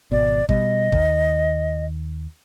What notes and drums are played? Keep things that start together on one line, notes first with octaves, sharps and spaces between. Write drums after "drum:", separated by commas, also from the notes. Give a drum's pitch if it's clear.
G#1 B2 D5
B2 G3 D#5, drum: kick
D#2 D#3, drum: kick